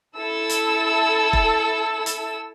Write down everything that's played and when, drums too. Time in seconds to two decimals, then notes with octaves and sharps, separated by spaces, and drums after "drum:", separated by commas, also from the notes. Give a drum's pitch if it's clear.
0.17 E4 A4 E6
0.49 drum: hi-hat
1.33 drum: kick E1
2.06 drum: hi-hat